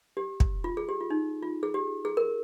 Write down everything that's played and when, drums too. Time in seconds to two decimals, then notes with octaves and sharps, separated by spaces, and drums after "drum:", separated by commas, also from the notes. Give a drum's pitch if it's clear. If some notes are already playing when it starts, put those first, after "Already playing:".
0.17 G4
0.40 drum: kick
0.64 F4
0.77 G#4
0.89 G4
1.01 F4
1.10 D#4
1.43 F4
1.63 G#4
1.74 G4
2.05 G#4
2.17 A#4